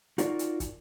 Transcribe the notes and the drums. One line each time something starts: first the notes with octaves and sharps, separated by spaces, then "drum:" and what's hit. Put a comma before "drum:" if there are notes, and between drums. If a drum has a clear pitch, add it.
D#4 F4 F#4 A#4 D5, drum: hi-hat
drum: hi-hat
drum: kick, hi-hat